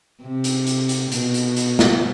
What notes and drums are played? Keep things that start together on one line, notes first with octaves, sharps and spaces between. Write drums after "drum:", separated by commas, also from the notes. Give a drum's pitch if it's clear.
C3
drum: hi-hat
drum: hi-hat
drum: hi-hat
B2, drum: hi-hat
drum: hi-hat
drum: hi-hat
drum: snare